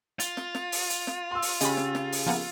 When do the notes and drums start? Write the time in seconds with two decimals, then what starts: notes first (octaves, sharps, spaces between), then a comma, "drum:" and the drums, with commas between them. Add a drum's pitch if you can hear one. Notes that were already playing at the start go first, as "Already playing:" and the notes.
0.20 F4, drum: hi-hat
0.37 drum: snare
0.55 drum: snare
0.72 drum: open hi-hat
0.90 drum: hi-hat
1.07 drum: snare
1.31 C6 E6
1.42 drum: open hi-hat
1.61 C#3 C#4 G4 D#5 B5, drum: hi-hat
1.77 drum: snare
1.95 drum: snare
2.12 drum: open hi-hat
2.26 F3 A#3 B3